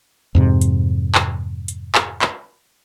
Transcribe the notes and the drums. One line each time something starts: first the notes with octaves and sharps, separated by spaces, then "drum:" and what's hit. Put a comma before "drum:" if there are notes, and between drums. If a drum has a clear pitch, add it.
F2 G#2 C3
drum: hi-hat
drum: clap
drum: hi-hat
drum: clap
drum: clap